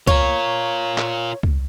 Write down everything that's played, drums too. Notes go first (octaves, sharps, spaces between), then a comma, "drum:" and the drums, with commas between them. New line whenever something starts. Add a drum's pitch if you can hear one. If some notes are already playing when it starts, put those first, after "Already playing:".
F4 A#4 C#5, drum: kick
drum: clap
drum: kick